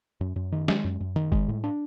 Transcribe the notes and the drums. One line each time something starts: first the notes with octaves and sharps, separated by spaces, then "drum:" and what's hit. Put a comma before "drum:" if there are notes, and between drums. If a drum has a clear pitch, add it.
F#2
F#2
D#3
G#3, drum: snare
F#2
F#2
D#3
G#3, drum: kick F#1
A2
D4